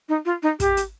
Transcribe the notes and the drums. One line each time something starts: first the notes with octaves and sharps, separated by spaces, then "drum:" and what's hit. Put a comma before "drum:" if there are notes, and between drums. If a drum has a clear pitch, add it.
D#4
F4
D#4
G4, drum: kick, hi-hat
drum: hi-hat